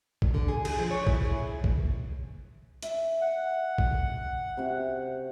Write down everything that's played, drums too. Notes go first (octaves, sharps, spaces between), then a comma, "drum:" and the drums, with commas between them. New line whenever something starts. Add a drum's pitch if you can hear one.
E2, drum: kick
D3
G#4
G#4, drum: cymbal
F3
C#5
E4, drum: kick
G#4
drum: kick
E5, drum: hi-hat
F#5
drum: kick
C3 F#4